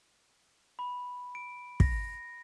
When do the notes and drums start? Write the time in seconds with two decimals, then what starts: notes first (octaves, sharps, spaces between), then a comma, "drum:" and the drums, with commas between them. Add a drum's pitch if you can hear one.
0.79 B5
1.35 D7
1.80 A#6, drum: kick